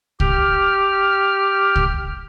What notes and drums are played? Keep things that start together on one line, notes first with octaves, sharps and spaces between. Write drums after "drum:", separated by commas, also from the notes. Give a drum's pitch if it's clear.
G4 F6, drum: kick C2
drum: kick C2